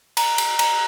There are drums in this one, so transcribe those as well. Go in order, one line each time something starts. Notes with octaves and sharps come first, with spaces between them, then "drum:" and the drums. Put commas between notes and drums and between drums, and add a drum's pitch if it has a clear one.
A#5, drum: cymbal
drum: cymbal
A#5, drum: cymbal